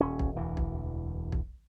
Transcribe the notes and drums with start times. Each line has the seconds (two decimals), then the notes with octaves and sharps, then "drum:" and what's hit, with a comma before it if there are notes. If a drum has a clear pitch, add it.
0.01 D#1 C#4
0.19 drum: kick
0.36 E1 D2 E3
0.57 drum: kick
1.32 drum: kick